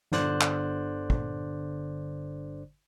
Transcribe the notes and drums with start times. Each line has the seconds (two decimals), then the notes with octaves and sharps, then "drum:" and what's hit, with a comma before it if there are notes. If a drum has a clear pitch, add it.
0.12 G1 D3 C5 D5 F#6, drum: snare
0.41 drum: clap
1.10 drum: kick